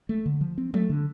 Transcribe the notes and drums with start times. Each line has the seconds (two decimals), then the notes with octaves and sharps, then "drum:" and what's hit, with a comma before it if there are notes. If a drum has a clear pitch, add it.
0.09 A3
0.26 D3
0.41 F3
0.58 C4
0.74 A3, drum: tom F3
0.89 D3